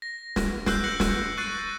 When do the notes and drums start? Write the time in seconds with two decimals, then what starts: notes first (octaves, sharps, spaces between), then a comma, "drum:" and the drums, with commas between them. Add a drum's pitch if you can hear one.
0.02 A#6
0.36 drum: snare
0.66 E6 F#6 G6 C7 D7, drum: snare
0.84 F#6 G6 A#6 C7 C#7 F#7
1.00 drum: snare
1.37 C#6 F#6 A6 C7 D#7